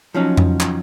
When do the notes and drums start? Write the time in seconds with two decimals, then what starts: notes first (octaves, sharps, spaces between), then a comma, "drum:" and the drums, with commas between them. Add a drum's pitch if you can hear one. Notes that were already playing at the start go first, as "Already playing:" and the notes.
0.14 F3 F#3 C#4 D#4
0.37 drum: tom F2
0.60 drum: clap